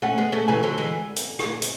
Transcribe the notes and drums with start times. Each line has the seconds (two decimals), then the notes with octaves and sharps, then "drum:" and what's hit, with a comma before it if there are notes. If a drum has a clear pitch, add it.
0.02 A3 C#4 F#5
0.18 G#3 B3
0.32 A3 C#4
0.48 C#3 E3 G#5
0.63 D3 F#3
0.78 E3 G#3
1.16 drum: hi-hat
1.39 drum: rim click
1.62 drum: hi-hat